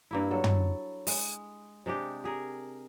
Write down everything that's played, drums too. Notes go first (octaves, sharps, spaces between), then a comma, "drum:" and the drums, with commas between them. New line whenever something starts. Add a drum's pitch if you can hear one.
G2 A#3 E4
F#3 A4
drum: tom
G#3, drum: open hi-hat
C3 G#3 D4 G4
G4 G#4 A#4